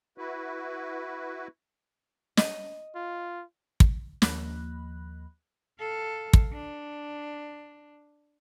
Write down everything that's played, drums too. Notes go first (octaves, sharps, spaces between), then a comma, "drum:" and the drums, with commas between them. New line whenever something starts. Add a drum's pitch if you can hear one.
E4 F#4 B4
D#5, drum: snare
F4
drum: kick
D#2 F3 A#3 B5 F#6, drum: snare
A4 F5
drum: kick
D4